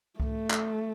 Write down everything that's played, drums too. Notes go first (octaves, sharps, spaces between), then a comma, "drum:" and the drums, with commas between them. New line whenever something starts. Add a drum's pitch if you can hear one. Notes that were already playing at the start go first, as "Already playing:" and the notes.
A3, drum: kick C2
drum: clap